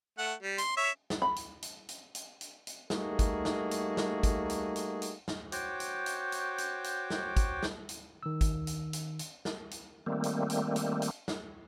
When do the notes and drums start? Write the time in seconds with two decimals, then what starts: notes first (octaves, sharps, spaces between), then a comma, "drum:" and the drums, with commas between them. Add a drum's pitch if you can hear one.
0.18 A3 F#5
0.42 G3
0.58 C6, drum: hi-hat
0.77 C#5 E5
1.10 drum: snare
1.22 B5
1.36 drum: hi-hat
1.62 drum: hi-hat
1.89 drum: hi-hat
2.15 drum: hi-hat
2.41 drum: hi-hat
2.67 drum: hi-hat
2.90 G3 A3 A#3 D#4 F#4 G#4, drum: snare
3.19 drum: kick, hi-hat
3.45 drum: snare
3.71 drum: hi-hat
3.97 drum: snare
4.23 drum: kick, hi-hat
4.49 drum: hi-hat
4.76 drum: hi-hat
5.02 drum: hi-hat
5.28 drum: snare
5.52 F#4 C5 C#5 G5 D6, drum: hi-hat
5.80 drum: hi-hat
6.06 drum: hi-hat
6.32 drum: hi-hat
6.58 drum: hi-hat
6.84 drum: hi-hat
7.10 drum: snare
7.37 drum: kick, hi-hat
7.63 drum: snare
7.89 drum: hi-hat
8.23 D#3 E6
8.41 drum: kick, hi-hat
8.67 drum: hi-hat
8.93 drum: hi-hat
9.19 drum: hi-hat
9.45 drum: snare
9.71 drum: hi-hat
10.06 D#3 G3 A3 A#3 C4
10.24 drum: hi-hat
10.50 drum: hi-hat
10.76 drum: hi-hat
11.02 drum: hi-hat
11.28 drum: snare